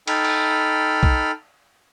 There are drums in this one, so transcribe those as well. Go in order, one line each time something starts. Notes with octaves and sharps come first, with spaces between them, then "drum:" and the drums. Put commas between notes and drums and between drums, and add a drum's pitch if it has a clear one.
D#4 A4 G5 B5 F6, drum: cymbal
drum: cymbal
drum: kick B1